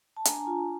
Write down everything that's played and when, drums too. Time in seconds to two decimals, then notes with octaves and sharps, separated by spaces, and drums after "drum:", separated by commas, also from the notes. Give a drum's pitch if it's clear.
0.17 A5
0.25 D4 G#5 A#5, drum: hi-hat
0.47 F4